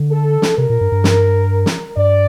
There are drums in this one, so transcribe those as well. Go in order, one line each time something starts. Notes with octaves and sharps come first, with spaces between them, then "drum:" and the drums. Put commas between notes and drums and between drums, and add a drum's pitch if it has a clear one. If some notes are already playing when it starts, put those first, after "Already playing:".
Already playing: D3
A4
drum: snare
C3 A#4
A#2
G2
G2
drum: snare
drum: snare
G2 D5